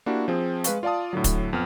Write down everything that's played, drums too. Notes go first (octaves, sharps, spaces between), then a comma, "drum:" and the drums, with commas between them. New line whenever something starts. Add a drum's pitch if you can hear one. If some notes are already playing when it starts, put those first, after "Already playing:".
A#3 D4 E4 F#4 G4
F3 C4 G#4
G#3 B4 F5 C#6, drum: hi-hat
F4 D5 F5 A5 D#6
A2 D3 F#3
drum: kick, hi-hat
F2 B3 F6